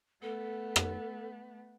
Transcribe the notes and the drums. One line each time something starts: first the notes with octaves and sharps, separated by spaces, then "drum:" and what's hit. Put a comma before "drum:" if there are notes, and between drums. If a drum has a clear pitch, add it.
A3 B3 A4
drum: rim click